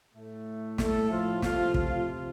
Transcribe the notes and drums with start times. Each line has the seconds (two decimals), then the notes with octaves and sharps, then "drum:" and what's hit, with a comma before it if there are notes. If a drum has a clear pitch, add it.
0.14 A2 A3
0.78 A3 A4, drum: snare
1.10 F3 F4
1.42 C3 F3 A3 F4, drum: snare
1.74 F3 F4, drum: kick